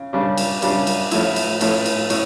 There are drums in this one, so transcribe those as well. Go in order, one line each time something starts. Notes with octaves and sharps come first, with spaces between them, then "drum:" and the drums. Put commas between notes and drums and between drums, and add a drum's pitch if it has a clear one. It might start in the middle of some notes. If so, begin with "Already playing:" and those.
Already playing: C#3
C#3 G3 D4
drum: cymbal
C#3 G3 D4, drum: cymbal
drum: cymbal
A2 F3 A3 E4, drum: cymbal
drum: cymbal
A2 F3 A3 E4, drum: cymbal
drum: cymbal
A2, drum: cymbal